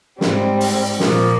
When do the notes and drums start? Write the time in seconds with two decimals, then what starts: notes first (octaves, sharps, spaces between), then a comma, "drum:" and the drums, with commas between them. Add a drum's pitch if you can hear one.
0.21 G#2 G3 C4, drum: snare
0.61 drum: open hi-hat
1.00 A#2 F3 A#3, drum: snare